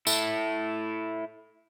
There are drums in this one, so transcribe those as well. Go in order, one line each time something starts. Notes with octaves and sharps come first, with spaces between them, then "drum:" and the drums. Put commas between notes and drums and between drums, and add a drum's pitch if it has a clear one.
E4 A4, drum: tambourine